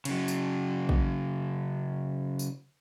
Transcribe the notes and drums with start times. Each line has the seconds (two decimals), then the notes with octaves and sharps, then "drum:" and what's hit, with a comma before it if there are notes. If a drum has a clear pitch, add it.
0.05 C#3 F#3, drum: cymbal
0.28 drum: tambourine
0.89 drum: kick
2.39 drum: tambourine